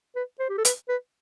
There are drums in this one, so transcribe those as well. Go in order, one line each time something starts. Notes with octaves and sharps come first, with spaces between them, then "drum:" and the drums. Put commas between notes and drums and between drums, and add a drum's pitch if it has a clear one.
B4
C5
G4
A4
B4, drum: hi-hat
B4